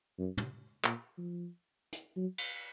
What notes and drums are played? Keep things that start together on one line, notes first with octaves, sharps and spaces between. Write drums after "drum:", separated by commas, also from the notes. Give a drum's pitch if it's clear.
F#2
drum: tom
A#2, drum: clap
F3
drum: hi-hat
F#3
drum: cymbal